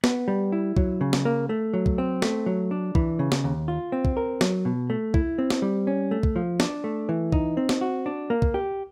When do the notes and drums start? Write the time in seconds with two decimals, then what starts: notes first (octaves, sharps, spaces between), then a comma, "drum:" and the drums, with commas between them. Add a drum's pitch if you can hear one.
0.04 B3, drum: snare
0.28 G3
0.52 E4
0.77 F#3, drum: kick
1.01 C#3
1.13 drum: snare
1.25 A#3
1.49 A3
1.74 F#3
1.86 drum: kick
1.98 C4
2.22 A3, drum: snare
2.46 F#3
2.71 D4
2.95 E3, drum: kick
3.19 C#3
3.32 drum: snare
3.44 D#2
3.68 F4
3.92 C4
4.05 drum: kick
4.17 A#4
4.41 F#3, drum: snare
4.65 B2
4.90 A3
5.14 E4, drum: kick
5.38 C4
5.50 drum: snare
5.62 G3
5.87 C#4
6.11 A3
6.23 drum: kick
6.36 F3
6.60 D4, drum: snare
6.84 A3
7.09 E3
7.32 D#4, drum: kick
7.57 C4
7.69 drum: snare
7.81 F#4
8.06 D4
8.30 A#3
8.42 drum: kick
8.54 G4